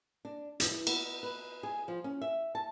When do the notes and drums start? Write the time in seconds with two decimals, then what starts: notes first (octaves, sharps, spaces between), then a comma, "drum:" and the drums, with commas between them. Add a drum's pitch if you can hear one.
0.25 D4
0.60 E3, drum: hi-hat
0.87 B3, drum: cymbal
1.23 B4
1.63 G#4
1.88 F3
2.04 C#4
2.22 E5
2.55 A5